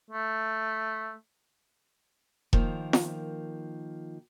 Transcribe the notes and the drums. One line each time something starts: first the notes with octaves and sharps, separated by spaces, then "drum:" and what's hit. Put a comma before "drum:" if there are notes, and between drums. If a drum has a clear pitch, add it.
A3
D#3 F3 A#3, drum: kick E1
drum: snare F4